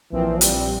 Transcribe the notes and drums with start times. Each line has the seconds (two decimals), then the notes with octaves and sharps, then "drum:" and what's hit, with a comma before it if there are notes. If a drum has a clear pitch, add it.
0.12 A#1 A#2 E3 F3 C4
0.41 G3, drum: hi-hat